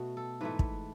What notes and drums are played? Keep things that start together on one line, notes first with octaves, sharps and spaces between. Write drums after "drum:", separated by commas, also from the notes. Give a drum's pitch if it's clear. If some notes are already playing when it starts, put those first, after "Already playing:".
Already playing: B2 A3 F#4
A4
G#2 E3 A3 B4
drum: kick